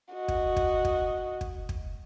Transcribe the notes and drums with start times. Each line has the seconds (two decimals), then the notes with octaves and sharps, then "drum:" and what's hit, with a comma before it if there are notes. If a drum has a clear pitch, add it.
0.14 F#4 D#5
0.28 drum: kick
0.56 drum: kick
0.85 drum: kick
1.41 drum: kick
1.69 drum: kick